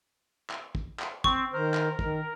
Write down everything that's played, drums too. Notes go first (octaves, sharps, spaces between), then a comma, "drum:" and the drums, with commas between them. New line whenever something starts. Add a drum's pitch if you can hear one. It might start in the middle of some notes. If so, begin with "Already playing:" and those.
drum: clap
drum: kick
drum: clap
C4 C#6, drum: kick
D#3 A#4 C5
drum: clap
D#3, drum: kick